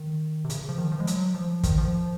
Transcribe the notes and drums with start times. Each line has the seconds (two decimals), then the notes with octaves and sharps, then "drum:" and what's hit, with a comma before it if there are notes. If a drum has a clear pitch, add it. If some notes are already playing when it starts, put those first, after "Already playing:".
Already playing: D#3
0.44 C3
0.50 C#3, drum: hi-hat
0.69 F3
0.78 D#3
0.92 F3
1.00 G#3
1.07 F#3, drum: hi-hat
1.35 F3
1.63 D#3, drum: kick, hi-hat
1.78 F3